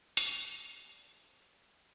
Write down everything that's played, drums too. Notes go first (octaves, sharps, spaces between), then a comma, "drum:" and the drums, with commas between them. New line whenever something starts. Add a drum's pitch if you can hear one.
C4 D4 G4 D5 G#5 A5, drum: hi-hat